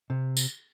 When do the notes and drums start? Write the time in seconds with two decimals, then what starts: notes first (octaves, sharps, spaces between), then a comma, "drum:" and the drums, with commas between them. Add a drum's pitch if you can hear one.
0.10 C3
0.37 drum: tambourine